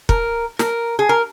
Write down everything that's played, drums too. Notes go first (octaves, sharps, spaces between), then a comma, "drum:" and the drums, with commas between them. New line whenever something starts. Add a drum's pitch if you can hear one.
A#4, drum: kick
A#4, drum: snare
G#4
A#4